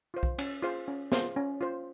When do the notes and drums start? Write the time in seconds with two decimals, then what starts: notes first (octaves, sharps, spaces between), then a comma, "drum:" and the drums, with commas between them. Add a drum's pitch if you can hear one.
0.14 F4 C5 F5
0.23 drum: kick
0.39 C#4, drum: cymbal
0.62 F4 G#4 C5 F5
0.88 C#4
1.12 F4 G#4 C5 F5, drum: snare
1.36 C#4
1.61 F4 C5